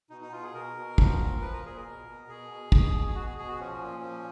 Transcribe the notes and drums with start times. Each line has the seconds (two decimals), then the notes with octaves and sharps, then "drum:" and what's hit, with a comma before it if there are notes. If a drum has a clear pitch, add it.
0.10 B2 D#4
0.21 D#4
0.32 B2 F4
0.43 G#4
0.54 B2 A#4
0.76 B2
0.98 F3, drum: kick
1.19 A#2
1.41 F3 B4
1.53 A#4
1.63 A#2 G#4
1.77 A#4
1.85 B2
2.07 B2
2.28 B2 G#4
2.50 B2
2.72 B2, drum: kick
2.94 B2
3.07 G#4
3.15 B2 F#4
3.26 G#4
3.37 B2 G#4
3.48 F#4
3.59 F3 C#4
3.81 A#2
4.03 F3